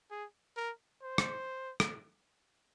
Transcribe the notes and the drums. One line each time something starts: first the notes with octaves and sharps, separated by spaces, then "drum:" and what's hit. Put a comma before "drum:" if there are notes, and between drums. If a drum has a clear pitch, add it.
G#4
A#4
C5
drum: rim click
drum: rim click